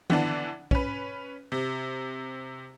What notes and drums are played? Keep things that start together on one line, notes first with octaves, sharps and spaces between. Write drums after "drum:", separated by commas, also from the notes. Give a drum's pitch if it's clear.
D3 E3 B3 D4, drum: tom D#3
C#4 B4, drum: kick B1
C3